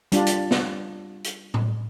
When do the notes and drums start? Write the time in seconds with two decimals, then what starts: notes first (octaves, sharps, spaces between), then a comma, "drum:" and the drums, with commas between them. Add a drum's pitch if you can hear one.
0.12 G3 D4 F4, drum: hi-hat
0.26 drum: hi-hat
0.51 drum: snare
1.24 drum: hi-hat
1.54 drum: tom A2